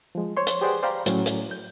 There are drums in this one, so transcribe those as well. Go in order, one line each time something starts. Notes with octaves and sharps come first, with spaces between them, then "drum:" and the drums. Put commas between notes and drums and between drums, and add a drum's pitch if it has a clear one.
F3 G#3
C5 C#5 C6
drum: hi-hat
G4 G#4 B4 C5 D5 F#5
C5 D5 F5 G5 A#5 B5
A2 F#3 C#4, drum: hi-hat
drum: hi-hat
G6